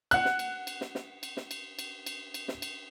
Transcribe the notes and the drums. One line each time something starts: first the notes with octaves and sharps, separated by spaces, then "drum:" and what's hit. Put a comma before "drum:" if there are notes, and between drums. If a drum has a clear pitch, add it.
F#5 F#6, drum: cymbal
drum: snare
drum: cymbal
drum: cymbal
drum: snare
drum: snare
drum: cymbal
drum: snare
drum: cymbal
drum: cymbal
drum: cymbal
drum: cymbal
drum: snare
drum: cymbal